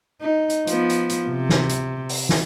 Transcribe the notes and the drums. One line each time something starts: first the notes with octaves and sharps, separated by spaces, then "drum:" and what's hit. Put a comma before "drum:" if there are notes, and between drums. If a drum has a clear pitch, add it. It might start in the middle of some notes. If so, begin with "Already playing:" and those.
D#4
drum: hi-hat
F3 B3, drum: hi-hat
drum: hi-hat
drum: hi-hat
C3
drum: snare
drum: hi-hat
drum: open hi-hat
drum: snare